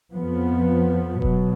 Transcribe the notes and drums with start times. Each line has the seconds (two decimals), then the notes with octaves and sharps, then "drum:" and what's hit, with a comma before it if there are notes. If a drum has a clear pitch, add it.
0.14 F2 F3 B3
1.22 B2 F#3, drum: kick E1